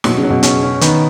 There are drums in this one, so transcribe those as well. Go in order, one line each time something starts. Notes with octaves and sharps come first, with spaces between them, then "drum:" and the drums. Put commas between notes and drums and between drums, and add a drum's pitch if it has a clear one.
B2 F#3, drum: snare
C#3
F#3
B2
C#3 C#4, drum: hi-hat
C#4
D#3 B3, drum: hi-hat